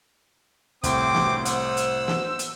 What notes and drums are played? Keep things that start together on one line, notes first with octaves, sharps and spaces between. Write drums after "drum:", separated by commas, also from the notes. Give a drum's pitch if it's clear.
C2 A2 C4 C5 D6, drum: kick, hi-hat
drum: snare
C5 F#5 D#6 E6, drum: hi-hat
drum: hi-hat
drum: snare
drum: hi-hat